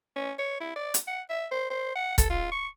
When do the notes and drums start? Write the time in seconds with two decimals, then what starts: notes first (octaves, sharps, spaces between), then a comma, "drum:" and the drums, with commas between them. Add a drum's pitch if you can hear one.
0.16 C#4
0.39 C#5
0.60 E4
0.76 D5
0.94 drum: hi-hat
1.07 F#5
1.30 E5
1.51 C5
1.70 C5
1.95 F#5
2.18 A4, drum: kick, hi-hat
2.30 F4
2.52 C#6